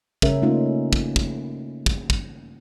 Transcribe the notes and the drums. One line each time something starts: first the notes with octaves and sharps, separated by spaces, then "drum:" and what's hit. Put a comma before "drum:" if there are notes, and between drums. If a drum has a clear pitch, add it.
C#3 C#4 A#4 E5, drum: kick
A3 A#3 C#4 D#4 F4
drum: kick
drum: kick
drum: kick
drum: kick